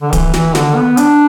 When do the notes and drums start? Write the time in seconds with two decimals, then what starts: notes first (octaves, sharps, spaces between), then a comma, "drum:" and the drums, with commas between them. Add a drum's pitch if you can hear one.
0.02 D3
0.13 E3, drum: kick D1, hi-hat
0.34 E3, drum: snare
0.55 D3, drum: snare
0.76 B3
0.97 D4, drum: hi-hat